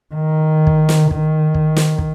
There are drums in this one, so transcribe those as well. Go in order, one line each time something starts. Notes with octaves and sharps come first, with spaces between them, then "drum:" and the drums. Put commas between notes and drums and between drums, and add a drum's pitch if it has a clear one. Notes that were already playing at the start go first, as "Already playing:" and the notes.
D#3
drum: kick
drum: snare
D#3, drum: kick
drum: kick
drum: snare
drum: kick